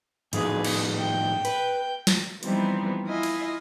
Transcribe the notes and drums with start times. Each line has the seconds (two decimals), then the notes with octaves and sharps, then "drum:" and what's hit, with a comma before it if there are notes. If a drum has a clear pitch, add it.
0.33 A2 F3 D#4 G#4 B4, drum: hi-hat
0.64 drum: cymbal
0.99 G5
1.45 B4, drum: hi-hat
2.07 drum: snare
2.43 E3 F3 G3 B3 C4 D#4, drum: hi-hat
3.06 E4 F4 D#5 G#5
3.23 drum: cymbal